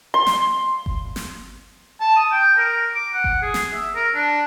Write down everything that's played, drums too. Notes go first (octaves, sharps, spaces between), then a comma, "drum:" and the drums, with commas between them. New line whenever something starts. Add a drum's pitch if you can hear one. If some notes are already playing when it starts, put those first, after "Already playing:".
C6
drum: snare
drum: kick G1
drum: snare
A5
D#6
G5
A#4
D6
F#5
drum: kick G1
G#4
drum: snare
E5
A#4
D4